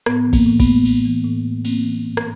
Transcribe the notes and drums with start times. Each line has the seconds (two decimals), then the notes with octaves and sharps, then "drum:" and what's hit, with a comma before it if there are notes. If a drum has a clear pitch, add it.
0.06 A2 B3, drum: rim click
0.27 E3
0.33 A#3, drum: kick A1, cymbal
0.46 A2
0.60 B3, drum: kick A1, cymbal
0.66 A3
0.85 A2, drum: cymbal
1.05 E3
1.25 A2
1.45 A3
1.65 A#3 C4, drum: cymbal
1.84 E3
2.04 G#2
2.17 drum: rim click